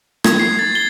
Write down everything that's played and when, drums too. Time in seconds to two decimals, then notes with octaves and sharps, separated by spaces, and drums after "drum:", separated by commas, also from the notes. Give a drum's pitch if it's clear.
0.24 G#6, drum: rim click
0.39 C7
0.59 A6
0.75 G7